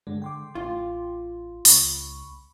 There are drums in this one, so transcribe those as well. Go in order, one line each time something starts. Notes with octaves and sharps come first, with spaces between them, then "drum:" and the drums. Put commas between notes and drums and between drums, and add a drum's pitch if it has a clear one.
G2 D3 G#3
G5 C6 D6
A1 F4
C#2 B5 C#6, drum: open hi-hat